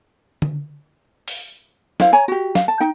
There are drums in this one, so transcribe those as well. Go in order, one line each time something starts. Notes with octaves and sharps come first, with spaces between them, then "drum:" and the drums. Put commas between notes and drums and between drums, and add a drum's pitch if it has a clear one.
drum: tom D3
drum: open hi-hat
E4 C5 F5, drum: snare
C#5 G#5 A#5
F#4 G4
F5, drum: snare
A5
D#4 G5